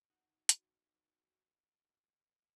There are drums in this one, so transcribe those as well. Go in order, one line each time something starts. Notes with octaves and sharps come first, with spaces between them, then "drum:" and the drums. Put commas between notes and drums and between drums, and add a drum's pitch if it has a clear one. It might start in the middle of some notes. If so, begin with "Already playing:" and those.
D#4 F#4 F#5
drum: hi-hat